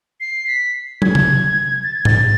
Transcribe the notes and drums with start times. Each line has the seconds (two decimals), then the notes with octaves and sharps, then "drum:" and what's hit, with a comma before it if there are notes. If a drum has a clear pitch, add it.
0.20 C7
0.47 B6
1.02 G#6, drum: tom
1.15 drum: tom C3
1.84 A6
1.95 G#6
2.05 A6, drum: tom G#2